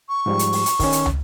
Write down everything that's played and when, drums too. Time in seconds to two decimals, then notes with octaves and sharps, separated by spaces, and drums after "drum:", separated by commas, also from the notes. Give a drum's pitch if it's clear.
0.09 C#6
0.26 G#2 F3 G3
0.39 drum: hi-hat
0.53 drum: open hi-hat
0.66 drum: hi-hat
0.79 D#3 C#4, drum: kick, open hi-hat
0.92 drum: hi-hat
1.06 drum: tom